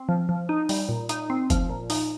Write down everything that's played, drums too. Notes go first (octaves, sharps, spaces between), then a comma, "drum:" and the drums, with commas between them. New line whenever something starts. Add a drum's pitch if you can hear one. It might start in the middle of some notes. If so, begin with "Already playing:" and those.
Already playing: C4
F3
F3
D#4
G3, drum: open hi-hat
A#2
D#4, drum: hi-hat
C4
F3, drum: kick, hi-hat
A#2
D#4, drum: open hi-hat